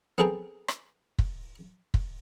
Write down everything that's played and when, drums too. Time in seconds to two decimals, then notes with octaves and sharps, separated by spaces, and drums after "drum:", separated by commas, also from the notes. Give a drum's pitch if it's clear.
0.18 B3 C4 G#4 A4 G5 A#5
0.68 drum: rim click
1.19 drum: kick
1.94 drum: kick